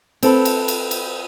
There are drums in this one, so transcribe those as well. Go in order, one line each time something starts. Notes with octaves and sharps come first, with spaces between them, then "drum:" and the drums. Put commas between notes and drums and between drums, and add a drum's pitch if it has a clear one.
C4 A4 B4, drum: cymbal
drum: cymbal
drum: cymbal
drum: cymbal